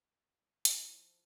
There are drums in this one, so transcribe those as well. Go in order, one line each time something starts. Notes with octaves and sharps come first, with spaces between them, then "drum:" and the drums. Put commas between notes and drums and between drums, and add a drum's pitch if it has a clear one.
F3 E4 C5, drum: hi-hat